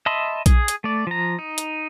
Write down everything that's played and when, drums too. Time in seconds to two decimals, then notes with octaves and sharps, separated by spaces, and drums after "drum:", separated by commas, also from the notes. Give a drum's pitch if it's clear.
0.06 D#5 E5 A5 B5 C6
0.46 G#4, drum: kick A#1, hi-hat
0.68 drum: hi-hat
0.84 A3 D5
1.07 F3 A#5
1.39 D#4
1.58 drum: hi-hat